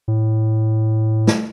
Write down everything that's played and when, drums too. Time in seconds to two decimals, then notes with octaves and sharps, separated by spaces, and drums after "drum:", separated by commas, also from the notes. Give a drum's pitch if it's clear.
0.08 A2
1.27 drum: snare